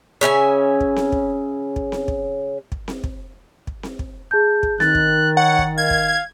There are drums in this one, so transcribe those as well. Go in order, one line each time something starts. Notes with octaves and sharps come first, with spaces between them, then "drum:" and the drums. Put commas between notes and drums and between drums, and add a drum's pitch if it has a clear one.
C#3 C#4 E5 G#5
drum: kick
drum: snare C4
drum: kick
drum: kick
drum: snare C4
drum: kick
drum: kick
drum: snare C4
drum: kick
drum: kick
drum: snare C4
drum: kick
G#4 A5 G6
drum: kick
D#3 F#6 A6, drum: snare C4
drum: kick
C#5 F#5
drum: kick
F5 G#6
drum: kick